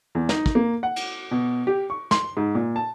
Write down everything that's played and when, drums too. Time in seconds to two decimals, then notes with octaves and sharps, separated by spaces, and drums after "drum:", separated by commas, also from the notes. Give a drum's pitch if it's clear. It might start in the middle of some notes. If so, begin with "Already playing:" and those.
0.15 E2
0.29 D#4, drum: snare
0.46 drum: kick
0.55 A#3
0.83 F#5
0.96 drum: cymbal
1.31 B2
1.67 G4
1.90 C#6
2.11 C6, drum: snare
2.37 G#2
2.55 A#2
2.76 A5